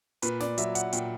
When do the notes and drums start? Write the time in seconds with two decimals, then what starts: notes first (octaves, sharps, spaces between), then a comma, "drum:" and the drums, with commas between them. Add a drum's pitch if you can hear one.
0.22 A#2 B4, drum: hi-hat
0.40 D5, drum: snare
0.58 F#3 E5, drum: hi-hat
0.75 F#5, drum: hi-hat
0.93 A#2 G5, drum: hi-hat